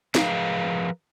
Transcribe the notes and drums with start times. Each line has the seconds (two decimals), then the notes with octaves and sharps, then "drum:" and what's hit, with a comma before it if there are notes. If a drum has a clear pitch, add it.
0.15 F3 G#4 A#4 B4 F5, drum: snare